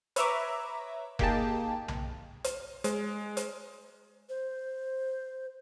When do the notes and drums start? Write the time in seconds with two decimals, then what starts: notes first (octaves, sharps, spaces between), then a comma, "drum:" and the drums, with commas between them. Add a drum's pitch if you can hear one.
0.16 B4 C#5 E5 A#5 D6, drum: hi-hat
1.19 A#3 D#4 G4 G#4 G5 A5, drum: kick F1
1.88 drum: tom B1
2.44 drum: hi-hat
2.84 G#3, drum: hi-hat
3.37 drum: hi-hat
4.29 C5